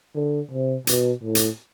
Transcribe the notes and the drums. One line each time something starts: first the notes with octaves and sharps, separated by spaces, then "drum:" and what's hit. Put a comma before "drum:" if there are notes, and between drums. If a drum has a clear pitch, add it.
D3
C3
B2, drum: hi-hat
A2
drum: hi-hat